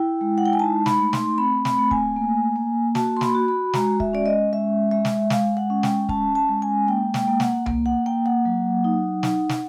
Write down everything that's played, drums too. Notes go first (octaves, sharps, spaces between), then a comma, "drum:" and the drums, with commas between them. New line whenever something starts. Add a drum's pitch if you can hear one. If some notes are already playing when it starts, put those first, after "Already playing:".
Already playing: E4 G5
G#3
F#5
G5
G#5
D#4 A5
B5, drum: snare
A3
C6, drum: snare
C4 B5
B5, drum: snare
A3
G#5, drum: kick
A#3
A#3
F#4 A5, drum: snare
C6
B5, drum: snare
F#4
B5
G#3 A#5, drum: snare
E5, drum: kick
C#4 D5
D#5
G#3 E5
G#3 E5
drum: snare
G#3 F5, drum: snare
F#5
C#4
G5, drum: snare
C#4 A5, drum: kick
A5
G#3
G#5
A#3 G5
G5, drum: snare
A#3
F#5, drum: snare
A#3, drum: tom C2
F#5
A#3 G5
F#5
F#3
D#4
D#4, drum: snare
drum: snare